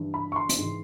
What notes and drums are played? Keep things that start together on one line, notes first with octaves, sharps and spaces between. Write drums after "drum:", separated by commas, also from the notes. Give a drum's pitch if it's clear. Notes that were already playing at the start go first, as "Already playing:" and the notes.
Already playing: G2 E3
B5
C#6
C6
drum: hi-hat
G#2 E3